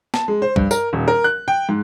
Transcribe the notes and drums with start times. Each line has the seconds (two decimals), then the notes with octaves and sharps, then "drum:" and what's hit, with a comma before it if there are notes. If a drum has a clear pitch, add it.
0.14 A5, drum: snare
0.28 G#3
0.42 C5
0.56 G2, drum: kick C2
0.71 A#4, drum: tambourine
0.93 D#1
1.08 A#4
1.24 F#6
1.48 G5
1.69 G#2